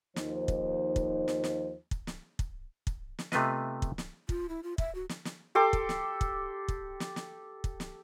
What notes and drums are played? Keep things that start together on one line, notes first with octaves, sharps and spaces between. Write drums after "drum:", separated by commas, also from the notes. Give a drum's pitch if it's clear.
D#2 F3 D#4 C5, drum: snare
drum: kick
drum: kick
drum: snare
drum: snare
drum: kick
drum: snare
drum: kick
drum: kick
drum: snare
C3 A3 B3 F4 B4 D#5, drum: snare
drum: kick
drum: snare
F4, drum: kick
E4
F4
E5, drum: kick
F#4
drum: snare
drum: snare
G4 A4 C6 D6
drum: kick
drum: snare
drum: kick
drum: kick
drum: snare
drum: snare
drum: kick
drum: snare